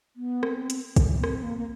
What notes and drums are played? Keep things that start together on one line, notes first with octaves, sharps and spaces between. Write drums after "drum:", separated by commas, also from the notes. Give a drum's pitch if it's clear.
B3
C4, drum: rim click
drum: hi-hat
drum: kick, hi-hat
B3
C4, drum: rim click
A#3
A#3